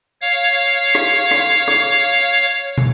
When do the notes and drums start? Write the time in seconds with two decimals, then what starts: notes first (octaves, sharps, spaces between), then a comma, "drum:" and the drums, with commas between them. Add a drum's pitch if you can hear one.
0.21 C#5 F5, drum: tambourine
0.95 drum: rim click
1.31 drum: rim click
1.68 drum: rim click
2.41 drum: tambourine
2.78 drum: tom